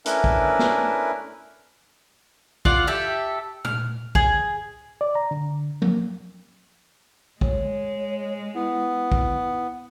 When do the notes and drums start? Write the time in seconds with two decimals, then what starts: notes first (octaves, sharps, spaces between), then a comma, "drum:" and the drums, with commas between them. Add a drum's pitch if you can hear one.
0.06 A3 C#4 D4 E4 A#4 B4, drum: hi-hat
0.24 drum: kick
0.59 drum: snare
2.65 F4 D5 F5 F#5, drum: kick
2.87 G4 A4 E5
3.65 F6, drum: tom A#2
4.15 G#4, drum: kick
5.01 D5
5.15 A#5
5.31 D3
5.82 A#3, drum: tom F3
7.41 G#3 C#5, drum: kick
8.54 B3 E4
9.12 drum: kick